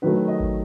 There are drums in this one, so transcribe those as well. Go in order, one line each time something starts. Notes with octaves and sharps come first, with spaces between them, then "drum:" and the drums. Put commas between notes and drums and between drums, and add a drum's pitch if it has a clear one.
D#3 F#3 A3 B4
D#5
drum: kick G#1